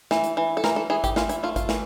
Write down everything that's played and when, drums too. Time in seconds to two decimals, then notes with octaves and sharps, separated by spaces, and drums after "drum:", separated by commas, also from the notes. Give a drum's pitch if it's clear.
0.11 E3, drum: snare
0.24 drum: hi-hat
0.37 E3
0.57 A4
0.64 E3 A#4, drum: snare
0.76 A4
0.90 E3 G#4
1.04 G4, drum: kick G#1, hi-hat
1.16 E3 F4, drum: snare
1.29 E4, drum: hi-hat
1.43 A3 F4
1.56 F4, drum: kick G#1, hi-hat
1.69 E3, drum: snare